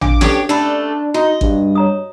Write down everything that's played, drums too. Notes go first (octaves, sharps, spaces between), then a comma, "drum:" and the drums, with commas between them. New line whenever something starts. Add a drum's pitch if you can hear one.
D4 F5 D6, drum: tom
C#4 D4 G4 A4 B4 C#5, drum: snare
A3 D4 A4 D5 B5
D#4 F#4 D#5
G2, drum: kick
C#5 A#5 D#6